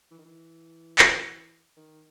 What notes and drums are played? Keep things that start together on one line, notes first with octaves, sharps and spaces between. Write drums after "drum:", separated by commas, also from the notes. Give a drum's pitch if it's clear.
E3
D#3
E3
drum: clap
D#3